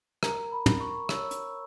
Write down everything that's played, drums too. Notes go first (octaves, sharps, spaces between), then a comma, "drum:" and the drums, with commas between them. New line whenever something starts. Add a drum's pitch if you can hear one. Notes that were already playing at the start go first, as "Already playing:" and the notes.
A#4 A#5, drum: rim click
B5
A#4, drum: tom
C#6
C#5 E6, drum: rim click
drum: hi-hat